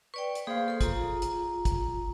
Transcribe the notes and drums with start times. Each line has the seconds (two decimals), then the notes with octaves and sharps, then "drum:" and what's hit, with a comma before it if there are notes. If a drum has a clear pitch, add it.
0.14 B4 D5 G5 C#6
0.35 drum: hi-hat
0.47 A#3 G#4 C5 F5
0.68 A4 C6
0.81 F4 G#4 A#5, drum: kick, hi-hat
1.22 drum: hi-hat
1.65 drum: kick, hi-hat